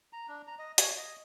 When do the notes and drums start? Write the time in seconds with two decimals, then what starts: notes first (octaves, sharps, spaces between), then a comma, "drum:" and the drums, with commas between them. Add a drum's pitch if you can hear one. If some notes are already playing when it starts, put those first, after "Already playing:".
0.13 A#5
0.28 D4
0.48 A#5
0.59 D#5
0.78 C#5, drum: hi-hat
0.98 D#5